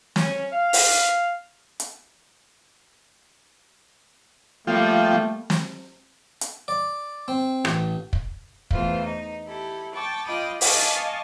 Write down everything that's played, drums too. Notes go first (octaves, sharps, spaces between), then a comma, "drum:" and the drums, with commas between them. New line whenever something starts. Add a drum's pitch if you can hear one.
C#4, drum: snare
F5
drum: open hi-hat
drum: hi-hat
F3 G3 A3 A#3 F4 G5
drum: snare
drum: hi-hat
D5
C4
A1, drum: rim click
drum: kick
E2 E3 A3 F4 C5, drum: kick
D#4
E4 G4 A4 B5
G5 A5 C#6 D6
F4 D#5 G5 B5 D6 D#6
D#5 F5 G#5 A5 C#6 D6, drum: open hi-hat